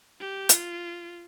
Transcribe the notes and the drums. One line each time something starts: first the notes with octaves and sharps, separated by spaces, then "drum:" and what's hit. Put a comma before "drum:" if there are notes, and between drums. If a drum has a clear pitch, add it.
G4
F4, drum: hi-hat